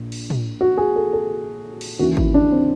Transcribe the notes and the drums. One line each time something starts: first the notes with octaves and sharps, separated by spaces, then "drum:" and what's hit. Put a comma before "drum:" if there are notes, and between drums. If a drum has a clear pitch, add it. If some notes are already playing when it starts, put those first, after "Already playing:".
Already playing: A#1 A#2
drum: cymbal
drum: tom
F#4
G#4
A4
A4
drum: cymbal
D#2 C#3 E3 F#4
E4, drum: kick G#1
D4
C4